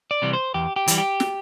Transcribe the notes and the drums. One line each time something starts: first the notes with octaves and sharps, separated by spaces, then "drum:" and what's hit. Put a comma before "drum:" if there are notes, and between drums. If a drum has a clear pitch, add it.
D5
C3 E3 G3
C5
E2 G4
G4
E3 G3, drum: hi-hat
G4
drum: snare